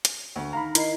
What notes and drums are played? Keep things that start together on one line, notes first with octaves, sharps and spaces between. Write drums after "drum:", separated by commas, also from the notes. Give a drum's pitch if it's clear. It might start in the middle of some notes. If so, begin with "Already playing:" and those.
drum: hi-hat
D2
D#3 F5 A#5 B5
E4 A#4 D#5 C7, drum: hi-hat